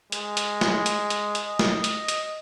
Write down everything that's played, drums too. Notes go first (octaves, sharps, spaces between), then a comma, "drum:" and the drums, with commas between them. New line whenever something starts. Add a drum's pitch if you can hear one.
G#3, drum: hi-hat
drum: hi-hat
drum: snare
drum: hi-hat
drum: hi-hat
drum: hi-hat
D#5
drum: snare
drum: hi-hat
drum: hi-hat